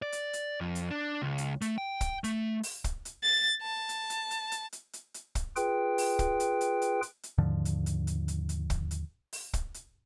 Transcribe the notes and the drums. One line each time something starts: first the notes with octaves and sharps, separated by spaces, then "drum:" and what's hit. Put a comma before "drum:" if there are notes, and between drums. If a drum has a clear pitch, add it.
D5
drum: hi-hat
drum: hi-hat
F2
drum: hi-hat
D4
C#2
drum: hi-hat
A3, drum: hi-hat
G5
drum: kick, hi-hat
A3, drum: hi-hat
drum: open hi-hat
drum: kick, hi-hat
drum: hi-hat
A6
A5
drum: hi-hat
drum: hi-hat
drum: hi-hat
drum: hi-hat
drum: hi-hat
drum: hi-hat
drum: hi-hat
drum: kick, hi-hat
F4 G#4 B4 G5, drum: hi-hat
drum: open hi-hat
drum: kick, hi-hat
drum: hi-hat
drum: hi-hat
drum: hi-hat
drum: hi-hat
drum: hi-hat
D#2 G#2 D3 F3
drum: hi-hat
drum: hi-hat
drum: hi-hat
drum: hi-hat
drum: hi-hat
drum: kick, hi-hat
drum: hi-hat
drum: open hi-hat
drum: kick, hi-hat
drum: hi-hat